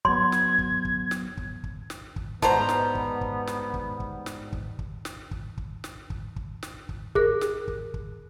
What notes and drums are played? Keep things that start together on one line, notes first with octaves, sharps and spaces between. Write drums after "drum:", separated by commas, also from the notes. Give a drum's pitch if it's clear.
F#3 B3 C6 G#6, drum: kick
drum: snare
drum: kick
drum: kick
drum: snare
drum: kick
drum: kick
drum: snare
drum: kick
G#2 B2 G3 B3 C5 A5 A#5, drum: kick
drum: snare
drum: kick
drum: kick
drum: snare
drum: kick
drum: kick
drum: snare
drum: kick
drum: kick
drum: snare
drum: kick
drum: kick
drum: snare
drum: kick
drum: kick
drum: snare
drum: kick
G#4 A#4 F#6, drum: kick
drum: snare
drum: kick
drum: kick